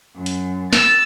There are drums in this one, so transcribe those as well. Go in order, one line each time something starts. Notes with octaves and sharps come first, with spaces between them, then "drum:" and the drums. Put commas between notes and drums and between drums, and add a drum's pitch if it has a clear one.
F#2
drum: hi-hat
E6 A6, drum: snare